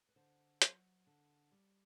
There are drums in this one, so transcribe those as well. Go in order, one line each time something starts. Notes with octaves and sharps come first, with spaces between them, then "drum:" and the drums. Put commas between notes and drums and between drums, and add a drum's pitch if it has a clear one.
B4
D3 C5
F#3, drum: hi-hat
D3
G3